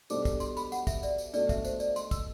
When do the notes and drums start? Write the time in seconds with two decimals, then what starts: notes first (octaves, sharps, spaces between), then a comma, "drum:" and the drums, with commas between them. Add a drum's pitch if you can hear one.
0.10 B2 G3 D4 A4 C5 D6, drum: tambourine
0.25 drum: kick, tambourine
0.40 C6, drum: tambourine
0.57 B5, drum: tambourine
0.72 F#5, drum: tambourine
0.87 E5, drum: kick, tambourine
1.03 D5, drum: tambourine
1.18 drum: tambourine
1.34 B2 A3 D4 F#4 D5, drum: tambourine
1.49 E5, drum: kick, tambourine
1.65 C5, drum: tambourine
1.80 D5, drum: tambourine
1.96 C6, drum: tambourine
2.11 E6, drum: kick, tambourine